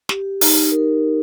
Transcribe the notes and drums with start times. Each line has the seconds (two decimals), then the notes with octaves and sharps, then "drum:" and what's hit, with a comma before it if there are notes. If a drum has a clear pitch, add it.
0.09 G4, drum: snare
0.41 D#4, drum: open hi-hat
0.71 A#4